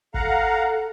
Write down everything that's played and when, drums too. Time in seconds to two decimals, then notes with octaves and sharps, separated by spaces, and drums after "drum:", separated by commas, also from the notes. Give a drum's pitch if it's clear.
0.14 A4 F5 F#5 A#5, drum: kick G#1